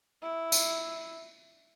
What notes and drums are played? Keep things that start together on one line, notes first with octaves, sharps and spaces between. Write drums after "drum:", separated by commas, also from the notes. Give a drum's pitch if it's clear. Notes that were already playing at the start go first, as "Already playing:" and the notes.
E4
drum: tambourine